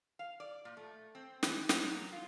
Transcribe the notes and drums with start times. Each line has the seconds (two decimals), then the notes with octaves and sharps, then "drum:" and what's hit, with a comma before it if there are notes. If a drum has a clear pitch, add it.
0.19 F5
0.40 D5
0.65 A#2
0.77 A3
1.15 C4
1.43 E3, drum: snare
1.69 F#3, drum: snare
2.12 F4